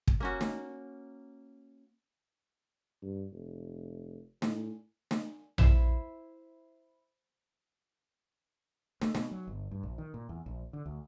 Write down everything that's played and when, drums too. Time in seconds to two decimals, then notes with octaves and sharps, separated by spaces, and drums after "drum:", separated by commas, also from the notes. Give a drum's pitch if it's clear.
0.07 drum: kick
0.20 A#3 C#4 F#4
0.41 drum: snare
3.02 G2
3.32 F1
4.42 A2, drum: snare
5.11 drum: snare
5.58 E4 C5 E5, drum: tom A#1
9.02 A3, drum: snare
9.15 B2, drum: snare
9.31 F#3
9.47 G1
9.71 G2
9.83 A#1
9.98 D#3
10.14 A#2
10.29 E2
10.46 A#1
10.73 D3
10.86 D2